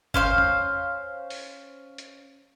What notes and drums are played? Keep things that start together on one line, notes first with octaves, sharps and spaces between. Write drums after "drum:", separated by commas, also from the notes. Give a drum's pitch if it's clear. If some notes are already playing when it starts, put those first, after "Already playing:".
C#4 C5 F5, drum: kick F#1
drum: tom E2
drum: open hi-hat
drum: hi-hat